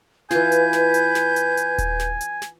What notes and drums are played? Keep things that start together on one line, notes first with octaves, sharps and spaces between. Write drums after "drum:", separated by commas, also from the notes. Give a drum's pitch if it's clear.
E3 F4 B4 G#5 G6, drum: snare
drum: hi-hat
drum: snare
drum: hi-hat
drum: snare
drum: hi-hat
drum: hi-hat
drum: kick D#1, hi-hat
drum: snare
drum: hi-hat
drum: snare